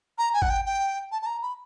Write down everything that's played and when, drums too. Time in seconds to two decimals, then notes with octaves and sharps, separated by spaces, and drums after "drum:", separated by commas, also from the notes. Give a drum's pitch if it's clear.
0.18 A#5
0.34 G#5
0.42 F#5, drum: kick G#1
0.50 G5
0.66 G5
1.12 A5
1.22 A5
1.26 A#5
1.42 B5